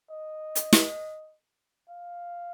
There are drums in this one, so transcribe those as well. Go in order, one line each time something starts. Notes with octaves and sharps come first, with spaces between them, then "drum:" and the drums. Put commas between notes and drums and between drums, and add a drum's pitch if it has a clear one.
D#5
drum: hi-hat
drum: snare
F5